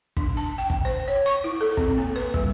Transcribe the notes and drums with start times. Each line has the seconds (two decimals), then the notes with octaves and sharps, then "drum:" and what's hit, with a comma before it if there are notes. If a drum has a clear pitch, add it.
0.17 D4, drum: kick
0.37 A5
0.58 G5
0.70 drum: kick
0.85 C5
1.08 C#5
1.26 C#6
1.44 E4
1.61 A4
1.77 C4, drum: kick
1.98 A#3
2.16 B4
2.34 G3, drum: kick